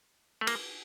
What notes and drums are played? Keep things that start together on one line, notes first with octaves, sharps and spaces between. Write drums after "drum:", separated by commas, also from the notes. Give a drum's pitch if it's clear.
A3
A#3, drum: cymbal